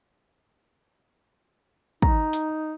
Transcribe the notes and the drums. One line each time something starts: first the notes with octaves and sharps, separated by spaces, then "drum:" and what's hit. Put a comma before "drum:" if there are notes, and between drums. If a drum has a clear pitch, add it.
D#4 A#5, drum: kick
drum: hi-hat